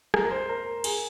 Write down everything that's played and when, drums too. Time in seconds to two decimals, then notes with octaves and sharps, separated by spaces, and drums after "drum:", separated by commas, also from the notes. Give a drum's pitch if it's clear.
0.14 A#4, drum: rim click
0.24 A#4
0.31 C5
0.49 A#4
0.84 G#4, drum: cymbal